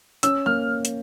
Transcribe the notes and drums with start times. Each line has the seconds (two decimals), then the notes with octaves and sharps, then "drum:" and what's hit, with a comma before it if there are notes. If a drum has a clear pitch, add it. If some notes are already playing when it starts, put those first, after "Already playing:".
0.23 C#4 E6, drum: hi-hat
0.46 A#3 F6
0.85 drum: hi-hat